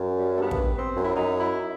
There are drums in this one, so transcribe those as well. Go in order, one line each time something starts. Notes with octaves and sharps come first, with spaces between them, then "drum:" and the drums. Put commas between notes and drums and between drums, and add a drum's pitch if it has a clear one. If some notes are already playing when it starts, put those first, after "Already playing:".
Already playing: F#2
G3
A3
G2 B3
drum: kick
C4
F#2
E4
F#2 D#4
E4